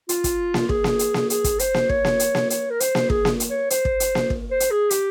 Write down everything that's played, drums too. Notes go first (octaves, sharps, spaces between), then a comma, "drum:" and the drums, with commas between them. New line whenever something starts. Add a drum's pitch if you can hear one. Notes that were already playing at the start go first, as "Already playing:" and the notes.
F4, drum: hi-hat
drum: kick, hi-hat
drum: snare A#3
G#4, drum: kick
drum: snare A#3
drum: hi-hat
drum: snare A#3
G#4, drum: hi-hat
drum: kick, hi-hat
C5, drum: hi-hat
drum: snare A#3
C#5, drum: kick
drum: snare A#3
drum: hi-hat
drum: snare A#3
C#5, drum: hi-hat
A#4
C5, drum: hi-hat
drum: snare A#3
G#4, drum: kick
drum: snare A#3
drum: hi-hat
C#5
C5, drum: hi-hat
drum: kick
drum: hi-hat
drum: snare A#3
drum: kick
C5
drum: hi-hat
G#4
G4, drum: hi-hat